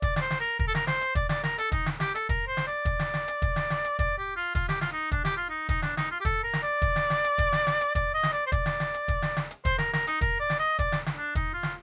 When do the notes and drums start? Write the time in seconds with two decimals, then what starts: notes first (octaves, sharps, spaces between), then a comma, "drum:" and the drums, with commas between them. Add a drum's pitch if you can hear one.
0.02 D5, drum: kick, hi-hat
0.16 D5, drum: snare
0.21 C5
0.30 drum: snare
0.40 A#4
0.59 A#4, drum: kick
0.68 A4
0.75 A#4, drum: snare
0.87 C5, drum: snare
1.01 drum: hi-hat
1.15 D5, drum: kick, hi-hat
1.29 D5, drum: snare
1.43 A#4, drum: snare
1.58 A4, drum: hi-hat
1.72 D#4, drum: kick, hi-hat
1.86 drum: snare
2.00 G4, drum: snare
2.15 A4, drum: hi-hat
2.29 A#4, drum: kick, hi-hat
2.47 C5
2.57 drum: snare
2.67 D5
2.85 drum: kick, hi-hat
2.99 drum: snare
3.14 drum: snare
3.28 drum: hi-hat
3.42 drum: kick, hi-hat
3.56 drum: snare
3.70 drum: snare
3.84 drum: hi-hat
3.99 D5, drum: kick, hi-hat
4.18 G4
4.36 F4
4.55 F4, drum: kick, hi-hat
4.69 G4, drum: snare
4.81 F4, drum: snare
4.92 D#4
5.12 D4, drum: kick, hi-hat
5.25 G4, drum: snare
5.37 F4
5.49 D#4
5.69 D#4, drum: kick, hi-hat
5.82 D4, drum: snare
5.97 D#4, drum: snare
6.11 F4
6.20 G4
6.25 A4, drum: kick, hi-hat
6.43 A#4
6.53 drum: snare
6.63 D5
6.82 drum: kick, hi-hat
6.96 drum: snare
7.10 drum: snare
7.24 drum: hi-hat
7.38 drum: kick, hi-hat
7.52 drum: snare
7.67 drum: snare
7.81 drum: hi-hat
7.95 D5, drum: kick, hi-hat
8.14 D#5
8.23 drum: snare
8.33 D5
8.47 C5
8.52 D5, drum: kick, hi-hat
8.66 drum: snare
8.80 drum: snare
8.94 drum: hi-hat
9.08 drum: kick, hi-hat
9.22 drum: snare
9.37 drum: snare
9.51 drum: hi-hat
9.65 C5, drum: kick, hi-hat
9.78 A#4, drum: snare
9.93 A#4, drum: snare
10.07 D#4, drum: hi-hat
10.21 A#4, drum: kick, hi-hat
10.40 D5
10.50 drum: snare
10.59 D#5
10.79 D5, drum: kick, hi-hat
10.92 drum: snare
11.06 drum: snare
11.16 D4
11.35 D#4, drum: kick, hi-hat
11.53 F4
11.63 drum: snare